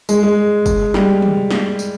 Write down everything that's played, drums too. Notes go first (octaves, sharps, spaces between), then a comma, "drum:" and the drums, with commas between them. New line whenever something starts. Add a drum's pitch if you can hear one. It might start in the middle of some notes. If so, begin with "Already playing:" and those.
G#3, drum: tambourine
G#3
drum: kick, tambourine
G3, drum: snare
drum: tom
drum: snare
drum: tambourine